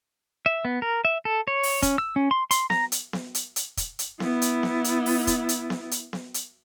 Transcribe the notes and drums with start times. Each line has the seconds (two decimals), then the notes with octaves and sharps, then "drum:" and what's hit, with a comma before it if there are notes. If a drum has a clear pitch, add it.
0.46 E5
0.65 B3
0.82 A#4
1.05 E5
1.25 A4
1.48 C#5
1.63 drum: open hi-hat
1.82 C#4, drum: kick, hi-hat
1.98 E6
2.16 C#4
2.31 C6
2.51 C6, drum: hi-hat
2.70 A#5, drum: snare B3
2.92 drum: hi-hat
3.13 drum: snare B3
3.35 drum: hi-hat
3.56 drum: hi-hat
3.77 drum: kick, hi-hat
3.99 drum: hi-hat
4.20 B3 E4, drum: snare B3
4.42 drum: hi-hat
4.63 drum: snare B3
4.84 drum: hi-hat
5.06 drum: open hi-hat
5.27 drum: kick, hi-hat
5.49 drum: hi-hat
5.70 drum: snare B3
5.91 drum: hi-hat
6.13 drum: snare B3
6.34 drum: hi-hat